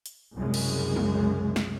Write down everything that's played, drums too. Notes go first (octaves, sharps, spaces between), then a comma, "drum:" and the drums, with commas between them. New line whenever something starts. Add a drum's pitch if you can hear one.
drum: hi-hat
C2 F#2 C#3 G#3
drum: cymbal
drum: tom
drum: snare